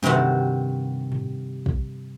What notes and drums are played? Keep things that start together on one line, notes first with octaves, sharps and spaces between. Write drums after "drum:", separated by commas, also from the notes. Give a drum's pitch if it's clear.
G2 C3 D#3 C4 F#4, drum: tom F#3
drum: tom G#2
drum: kick